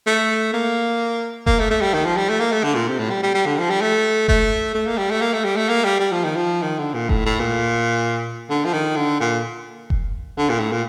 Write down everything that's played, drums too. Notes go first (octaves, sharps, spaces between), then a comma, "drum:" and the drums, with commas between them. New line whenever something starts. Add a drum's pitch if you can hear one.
A3
A#3
A#3, drum: kick F1
A3
A3
G3
D#3
F3
G3
A3
A#3
A3
D3
A#2
C3
A2
G3
G3
G3
D3
F3
G3
A3
A3, drum: kick F1
A3
A#3
G3
A3
A#3
A3
G3
A3
A#3
G3
G3
F3
D#3
F3
D#3
D3
A#2
A2, drum: kick F1
A2
A#2
D3
F3
D#3
D3
A#2
drum: kick F1
D3
A#2
A2
A#2